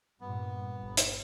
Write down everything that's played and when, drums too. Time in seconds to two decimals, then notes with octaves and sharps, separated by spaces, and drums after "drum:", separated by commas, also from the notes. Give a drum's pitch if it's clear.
0.21 G2 A#2 B3
0.79 G1
0.97 drum: hi-hat